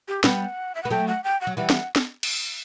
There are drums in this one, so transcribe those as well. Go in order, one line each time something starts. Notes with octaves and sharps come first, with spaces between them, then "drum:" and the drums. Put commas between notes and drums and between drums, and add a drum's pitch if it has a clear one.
G4
G3 B3 F#5, drum: snare
E5
B3 F#5
F#3 A3 G5
F#5
G5
F#5
F#3
E3 G3 F#5
drum: snare
drum: snare
drum: cymbal